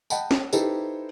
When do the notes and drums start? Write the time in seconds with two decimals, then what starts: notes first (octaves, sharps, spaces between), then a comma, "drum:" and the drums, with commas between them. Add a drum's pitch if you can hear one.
0.10 D#5 F#5 G5 A5 B5, drum: tambourine
0.31 drum: snare
0.53 D#4 E4 G4 A4 B4 C5, drum: tambourine